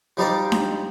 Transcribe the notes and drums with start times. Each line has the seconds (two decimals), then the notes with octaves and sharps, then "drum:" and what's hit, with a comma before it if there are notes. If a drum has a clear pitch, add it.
0.17 F3 G3 D#4 G4 C5 D5
0.52 drum: snare D4